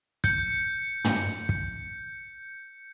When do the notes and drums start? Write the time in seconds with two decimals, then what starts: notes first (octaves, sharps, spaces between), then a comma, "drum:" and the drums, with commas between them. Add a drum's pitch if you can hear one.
0.24 G6 C#7, drum: kick
1.05 drum: tom
1.49 drum: kick